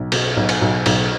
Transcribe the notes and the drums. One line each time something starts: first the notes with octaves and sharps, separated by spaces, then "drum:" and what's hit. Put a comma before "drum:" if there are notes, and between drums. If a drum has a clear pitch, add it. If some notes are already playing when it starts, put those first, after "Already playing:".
Already playing: B1
B2, drum: cymbal
B1
drum: cymbal
B1
B1, drum: cymbal